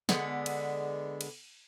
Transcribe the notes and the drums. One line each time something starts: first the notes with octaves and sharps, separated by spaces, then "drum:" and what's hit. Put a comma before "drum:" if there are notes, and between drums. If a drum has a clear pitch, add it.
D3 G#3 B3, drum: snare
drum: cymbal
drum: cymbal